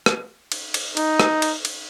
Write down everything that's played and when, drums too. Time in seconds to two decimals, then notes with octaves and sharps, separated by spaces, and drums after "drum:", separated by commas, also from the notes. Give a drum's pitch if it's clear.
0.06 drum: rim click
0.52 drum: cymbal
0.74 drum: cymbal
0.97 D#4, drum: cymbal
1.20 drum: rim click
1.42 drum: cymbal
1.65 drum: cymbal